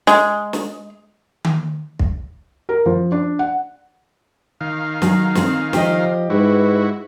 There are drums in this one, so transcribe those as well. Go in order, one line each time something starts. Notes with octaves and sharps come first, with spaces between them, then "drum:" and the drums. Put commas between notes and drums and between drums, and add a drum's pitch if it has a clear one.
G#3, drum: snare
drum: snare
drum: tom D#3
drum: kick
A#4
F3
D4
F#5
D#3 F5
F#3 G#4, drum: snare
C4 G#4 C5, drum: snare
F3 G4 D#5, drum: snare
G#2 E4 F#4 B4